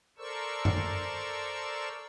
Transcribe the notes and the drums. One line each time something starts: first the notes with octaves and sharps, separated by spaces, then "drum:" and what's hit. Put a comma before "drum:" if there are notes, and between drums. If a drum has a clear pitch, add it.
A4 A#4 C5 D5 C#6 E6
drum: tom F#2